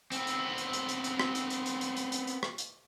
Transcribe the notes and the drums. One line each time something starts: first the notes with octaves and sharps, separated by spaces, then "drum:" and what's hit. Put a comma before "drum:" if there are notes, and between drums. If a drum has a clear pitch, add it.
B3 C4, drum: hi-hat
drum: hi-hat
drum: hi-hat
drum: hi-hat
drum: hi-hat
drum: hi-hat
drum: rim click
drum: hi-hat
drum: hi-hat
drum: hi-hat
drum: hi-hat
drum: hi-hat
drum: hi-hat
drum: hi-hat
drum: rim click
drum: hi-hat